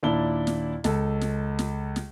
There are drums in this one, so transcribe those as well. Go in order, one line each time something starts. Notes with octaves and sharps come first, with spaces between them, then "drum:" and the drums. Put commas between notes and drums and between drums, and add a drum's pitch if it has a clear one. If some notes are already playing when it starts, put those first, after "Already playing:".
D#2 A#2 D4 E4 A5 G7
drum: snare
C#2 A4, drum: snare
drum: snare
drum: snare
drum: snare